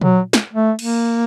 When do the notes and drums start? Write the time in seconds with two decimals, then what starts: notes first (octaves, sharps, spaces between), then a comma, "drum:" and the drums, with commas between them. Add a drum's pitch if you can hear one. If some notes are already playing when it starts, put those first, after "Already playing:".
0.02 F#3, drum: tom A#2
0.33 drum: snare
0.53 A3
0.79 A#3, drum: cymbal